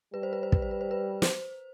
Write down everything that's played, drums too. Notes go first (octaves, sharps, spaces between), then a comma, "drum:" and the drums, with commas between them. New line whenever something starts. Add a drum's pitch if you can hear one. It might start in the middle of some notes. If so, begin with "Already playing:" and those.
G3 B4
C5
B4
C5
B4, drum: kick
C5
B4
C5
B4
C5, drum: snare